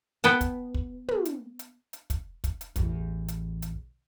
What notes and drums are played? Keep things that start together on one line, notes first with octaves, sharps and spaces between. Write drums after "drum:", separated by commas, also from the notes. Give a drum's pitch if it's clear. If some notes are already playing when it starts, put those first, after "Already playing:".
B3 B4 G5 A5
drum: kick, hi-hat
drum: kick
drum: tom
drum: hi-hat
drum: hi-hat
drum: hi-hat
drum: kick, hi-hat
drum: kick, hi-hat
drum: hi-hat
A1 E2, drum: kick, hi-hat
drum: hi-hat
drum: hi-hat